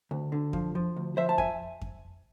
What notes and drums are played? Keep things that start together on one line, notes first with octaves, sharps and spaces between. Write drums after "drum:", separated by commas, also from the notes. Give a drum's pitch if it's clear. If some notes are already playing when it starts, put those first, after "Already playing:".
D2
D3
F3, drum: kick F2
F3
D2
F3 C5 E5
A5
E5 G#5, drum: kick F2
drum: kick F2